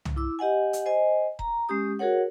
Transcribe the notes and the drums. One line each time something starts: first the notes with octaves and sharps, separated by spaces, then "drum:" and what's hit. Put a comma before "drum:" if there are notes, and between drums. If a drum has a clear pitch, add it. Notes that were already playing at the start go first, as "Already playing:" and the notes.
drum: tom C2
E4 D6 E6
G4 D#5 F#5 G#5
drum: hi-hat
C5 D#5 G#5
A#5, drum: kick E1
G#3 C#4 G4 D#6
F#4 G#4 A#4 C#5 F#5